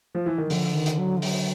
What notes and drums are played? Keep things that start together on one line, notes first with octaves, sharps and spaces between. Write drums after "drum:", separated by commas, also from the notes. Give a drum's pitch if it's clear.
F3
E3
D#3
F#3
D3 F3, drum: open hi-hat
D#3
drum: hi-hat
F#3
F3
F#3, drum: open hi-hat